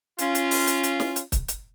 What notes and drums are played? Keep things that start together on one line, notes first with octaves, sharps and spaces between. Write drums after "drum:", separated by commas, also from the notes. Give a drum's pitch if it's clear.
C#4 F4, drum: hi-hat
drum: hi-hat
drum: open hi-hat
drum: hi-hat
drum: hi-hat
drum: snare
drum: hi-hat
drum: kick C#1, hi-hat
drum: hi-hat